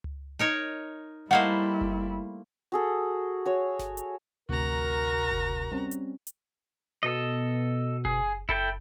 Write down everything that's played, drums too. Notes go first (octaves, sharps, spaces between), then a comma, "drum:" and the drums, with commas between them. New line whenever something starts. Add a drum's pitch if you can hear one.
drum: tom C#2
D#4 A#4 C#5
G3 A3 A#3 E4 C5 D#5 F5 F#5
drum: kick F#1
F#4 G#4 A4
F#4 C#5
drum: snare G1
drum: hi-hat
A1 D2 C3 F#4 A#4 A#5
drum: kick F#1
G3 C4 C#4
drum: hi-hat
drum: hi-hat
B2 A4 D#5
G#4, drum: kick F#1
E4 A4 G5, drum: kick F#1